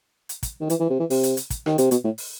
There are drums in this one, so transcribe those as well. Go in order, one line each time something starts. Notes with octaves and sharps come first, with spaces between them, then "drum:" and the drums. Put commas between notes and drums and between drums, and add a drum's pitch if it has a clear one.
drum: hi-hat
drum: kick, hi-hat
D#3
E3, drum: hi-hat
E3
C3
E3
C3, drum: open hi-hat
drum: hi-hat
drum: hi-hat
drum: kick, hi-hat
D#3, drum: rim click
C3, drum: hi-hat
B2, drum: hi-hat
A2
drum: open hi-hat